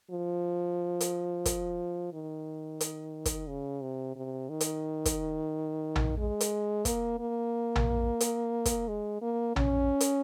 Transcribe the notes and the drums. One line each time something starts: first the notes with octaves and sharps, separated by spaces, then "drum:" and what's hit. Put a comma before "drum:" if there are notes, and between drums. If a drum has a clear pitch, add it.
F3
drum: hi-hat
drum: kick, hi-hat
D#3
drum: hi-hat
drum: kick, hi-hat
C#3
C3
C3
D#3
drum: hi-hat
drum: kick, hi-hat
drum: tom A#1
G#3
drum: hi-hat
A#3, drum: kick, hi-hat
A#3
drum: tom A#1
drum: hi-hat
drum: kick, hi-hat
G#3
A#3
C#4, drum: tom A#1
drum: hi-hat